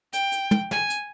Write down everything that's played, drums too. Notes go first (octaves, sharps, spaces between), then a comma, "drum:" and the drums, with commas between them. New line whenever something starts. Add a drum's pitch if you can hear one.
G5, drum: hi-hat
drum: hi-hat
drum: tom
G#5, drum: snare
drum: hi-hat